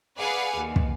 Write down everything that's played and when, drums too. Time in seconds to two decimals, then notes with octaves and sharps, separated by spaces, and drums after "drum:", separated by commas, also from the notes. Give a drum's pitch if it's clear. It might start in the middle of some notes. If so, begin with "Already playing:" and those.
0.18 G#4 B4 D5 F5 F#5 G#5
0.55 D#2
0.76 drum: kick